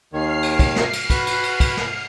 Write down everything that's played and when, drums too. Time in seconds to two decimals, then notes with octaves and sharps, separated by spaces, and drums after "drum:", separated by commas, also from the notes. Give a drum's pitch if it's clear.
0.13 D#2 D#3 C#5 F6 C7
0.43 drum: cymbal
0.59 drum: kick, cymbal
0.76 drum: snare
0.93 drum: cymbal
1.10 F#4 B4 B5 F#6, drum: kick, cymbal
1.27 drum: cymbal
1.43 drum: cymbal
1.60 drum: kick, cymbal
1.77 drum: snare